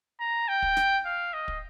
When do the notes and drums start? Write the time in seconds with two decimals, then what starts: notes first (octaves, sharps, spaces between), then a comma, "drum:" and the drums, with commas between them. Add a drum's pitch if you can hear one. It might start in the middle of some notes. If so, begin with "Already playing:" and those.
0.20 A#5
0.48 G5
0.62 drum: kick
0.77 drum: snare
1.06 F5
1.34 D#5
1.48 drum: kick